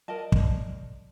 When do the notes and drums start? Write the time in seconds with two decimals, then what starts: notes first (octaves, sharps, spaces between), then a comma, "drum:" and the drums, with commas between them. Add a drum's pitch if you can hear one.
0.08 A#4 D5 D#5 A5
0.32 drum: kick